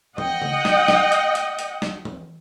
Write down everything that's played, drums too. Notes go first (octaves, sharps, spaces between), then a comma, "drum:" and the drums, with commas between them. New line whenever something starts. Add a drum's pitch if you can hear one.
D#5 F#5 G5, drum: tom E3
drum: tom C#3
drum: snare
drum: snare
drum: hi-hat
drum: hi-hat
drum: hi-hat
drum: snare
drum: tom E3